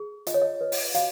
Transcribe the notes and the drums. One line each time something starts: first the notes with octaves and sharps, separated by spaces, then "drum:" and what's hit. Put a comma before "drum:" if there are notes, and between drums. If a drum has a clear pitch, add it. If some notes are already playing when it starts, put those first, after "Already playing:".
Already playing: G#4
F4 D#5, drum: hi-hat
C#5
D#5
B4
drum: open hi-hat
F#4 F5, drum: hi-hat